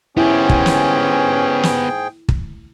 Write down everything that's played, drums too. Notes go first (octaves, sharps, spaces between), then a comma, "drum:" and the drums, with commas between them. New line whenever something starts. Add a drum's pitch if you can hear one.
G#2 B3 C#4 E4 G4 G#4 G5
drum: kick
drum: snare
drum: snare
drum: kick